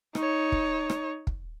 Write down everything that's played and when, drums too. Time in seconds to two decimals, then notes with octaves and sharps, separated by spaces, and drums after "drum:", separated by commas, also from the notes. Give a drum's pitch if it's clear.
0.15 D#4 C#5, drum: rim click
0.52 drum: kick
0.90 drum: rim click
1.27 drum: kick